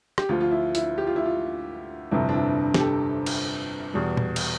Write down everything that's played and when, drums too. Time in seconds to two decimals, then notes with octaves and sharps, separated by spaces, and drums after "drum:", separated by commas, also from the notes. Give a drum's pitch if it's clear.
0.18 G4, drum: rim click
0.29 D2 D3 F3 F4
0.40 F4
0.51 E4
0.75 E4, drum: hi-hat
0.98 G4
1.07 F4
1.16 E4
1.25 F4
2.11 G1 F2 C3 E4
2.29 D4
2.34 E4
2.74 G4, drum: snare
2.80 A4
3.26 drum: cymbal
3.94 E2 B2 G3
4.17 drum: tom A#2
4.36 drum: cymbal